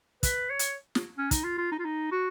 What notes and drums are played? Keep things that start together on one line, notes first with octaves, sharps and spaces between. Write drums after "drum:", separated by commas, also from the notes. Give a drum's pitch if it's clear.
B4, drum: kick, hi-hat
C#5
drum: hi-hat
drum: snare
C#4
D#4, drum: kick, hi-hat
F4
F4
D#4
F4
D#4
F#4